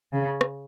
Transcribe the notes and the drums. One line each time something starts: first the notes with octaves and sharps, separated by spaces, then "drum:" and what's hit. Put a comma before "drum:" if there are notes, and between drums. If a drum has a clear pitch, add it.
C#3
drum: rim click